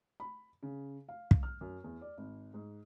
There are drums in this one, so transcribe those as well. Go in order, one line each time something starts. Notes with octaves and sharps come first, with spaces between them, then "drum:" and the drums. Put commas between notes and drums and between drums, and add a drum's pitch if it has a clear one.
B5
C#3
F5
drum: kick
F6
F#2
E2
D5
G#1
G#2